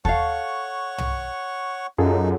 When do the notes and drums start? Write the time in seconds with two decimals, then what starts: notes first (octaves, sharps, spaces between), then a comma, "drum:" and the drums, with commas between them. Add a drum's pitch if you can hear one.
0.05 A4 C#5 F5 F#5 C#6, drum: kick D#2
0.98 drum: tom
1.98 F#2 D#4 F4 G#4 A4